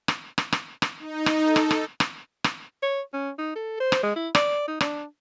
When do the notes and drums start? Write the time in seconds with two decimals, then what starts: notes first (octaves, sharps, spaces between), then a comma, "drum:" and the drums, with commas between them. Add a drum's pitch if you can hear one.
0.08 drum: rim click
0.38 drum: rim click
0.52 drum: rim click
0.82 drum: rim click
1.00 D#4
1.26 drum: rim click
1.44 A4
1.56 drum: rim click
1.71 drum: rim click
2.00 drum: rim click
2.44 drum: rim click
2.82 C#5
3.13 C#4
3.38 D#4
3.55 A4
3.80 C5
3.92 drum: rim click
4.03 G#3
4.16 E4
4.35 D5, drum: rim click
4.68 D#4
4.81 D4, drum: rim click